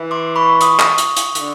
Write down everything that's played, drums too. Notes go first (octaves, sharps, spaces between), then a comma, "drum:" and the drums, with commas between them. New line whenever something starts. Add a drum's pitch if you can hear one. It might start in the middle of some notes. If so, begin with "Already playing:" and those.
Already playing: E3
C6 D6
B5 C#6
C#6 D#6, drum: hi-hat
drum: clap
drum: hi-hat
drum: hi-hat
D3, drum: hi-hat